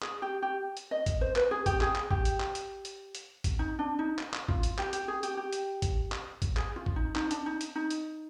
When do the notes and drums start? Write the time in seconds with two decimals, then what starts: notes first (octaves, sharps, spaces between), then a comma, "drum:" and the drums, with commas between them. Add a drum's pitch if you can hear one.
0.02 G#4, drum: clap
0.22 G4
0.42 G4
0.77 drum: hi-hat
0.91 D#5
1.06 drum: kick, hi-hat
1.21 C5
1.36 B4, drum: clap
1.51 G#4
1.66 G4, drum: kick, hi-hat
1.81 G#4, drum: clap
1.96 drum: clap
2.11 G4, drum: kick
2.25 drum: hi-hat
2.40 drum: clap
2.55 drum: hi-hat
2.85 drum: hi-hat
3.15 drum: hi-hat
3.44 drum: kick, hi-hat
3.59 D#4
3.79 D4
3.99 D#4
4.19 drum: clap
4.34 drum: clap
4.49 F4, drum: kick
4.63 drum: hi-hat
4.79 G4, drum: clap
4.93 G4, drum: hi-hat
5.08 G#4
5.23 G4, drum: hi-hat
5.37 G4
5.53 drum: hi-hat
5.82 drum: kick, hi-hat
6.12 drum: clap
6.42 drum: kick, hi-hat
6.57 G#4, drum: clap
6.76 F4
6.86 drum: kick
6.96 D#4
7.16 D#4, drum: clap
7.31 D4, drum: hi-hat
7.46 D#4
7.61 drum: hi-hat
7.75 D#4
7.90 drum: hi-hat